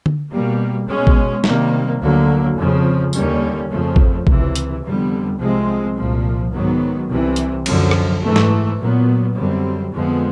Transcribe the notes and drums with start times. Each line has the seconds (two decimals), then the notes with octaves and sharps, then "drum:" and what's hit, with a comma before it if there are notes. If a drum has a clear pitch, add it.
0.06 drum: tom D3
0.30 B2 G3 A#3
0.87 B2 G#3 C#4
1.07 drum: kick
1.44 C3 D#3 G3 A#3, drum: snare
2.00 D2 D3 F#3 A#3
2.57 F2 C#3 F3
3.13 D#2 D3 G3 A#3 C#4, drum: tambourine
3.70 F2 C#3 F3 A3
3.96 drum: kick
4.27 C#2 C3 E3, drum: kick
4.56 drum: hi-hat
4.83 F2 D3 G3 B3
5.40 C2 C3 F3 G#3 C4
5.97 C2 A#2 F3
6.53 G#2 D#3 F#3 B3
7.09 C2 C3 E3
7.36 drum: hi-hat
7.66 F#2 D3 F3, drum: cymbal
7.91 drum: rim click
8.22 G#2 E3 A3
8.36 drum: snare
8.79 A#2 F#3 B3
9.36 F#2 D3 G3 C4
9.92 F2 D3 F3 G#3 B3